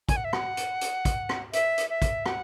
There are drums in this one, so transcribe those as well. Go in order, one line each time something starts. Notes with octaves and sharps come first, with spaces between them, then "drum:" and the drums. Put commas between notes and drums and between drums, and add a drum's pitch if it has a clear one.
G#5, drum: kick, hi-hat
F#5
E5
F#5, drum: rim click
drum: hi-hat
drum: hi-hat
drum: kick, hi-hat
drum: rim click
E5, drum: hi-hat
drum: hi-hat
E5
drum: kick, hi-hat
F#5, drum: rim click